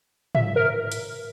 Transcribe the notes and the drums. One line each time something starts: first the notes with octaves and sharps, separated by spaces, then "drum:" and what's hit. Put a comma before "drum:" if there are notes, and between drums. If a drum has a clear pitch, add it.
E5, drum: tom
A#4
drum: hi-hat